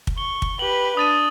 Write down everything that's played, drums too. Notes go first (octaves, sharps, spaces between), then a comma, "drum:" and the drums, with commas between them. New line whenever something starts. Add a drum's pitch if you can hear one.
drum: kick
C#6 G7
drum: kick
G4 B4 F#7
D4 D#6 A6 D#7